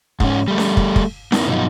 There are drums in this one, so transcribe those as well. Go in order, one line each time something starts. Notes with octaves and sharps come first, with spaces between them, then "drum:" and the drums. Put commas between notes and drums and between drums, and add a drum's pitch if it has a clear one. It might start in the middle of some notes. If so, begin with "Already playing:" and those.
G#2 C#4, drum: kick
G3 A3
drum: snare C#4
drum: kick
drum: kick
B3 D#4 E4 A#4, drum: snare C#4
G2 B2 F3 F#3 D#4